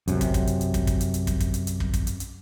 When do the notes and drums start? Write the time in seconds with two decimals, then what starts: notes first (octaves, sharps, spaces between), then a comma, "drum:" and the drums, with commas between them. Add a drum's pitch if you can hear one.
0.08 F#2 C3, drum: hi-hat
0.21 drum: kick, hi-hat
0.34 drum: kick, hi-hat
0.47 drum: hi-hat
0.61 drum: hi-hat
0.74 drum: kick, hi-hat
0.87 drum: kick, hi-hat
1.01 drum: hi-hat
1.14 drum: hi-hat
1.27 drum: kick, hi-hat
1.40 drum: kick, hi-hat
1.54 drum: hi-hat
1.67 drum: hi-hat
1.80 drum: kick
1.94 drum: kick, hi-hat
2.07 drum: hi-hat
2.20 drum: hi-hat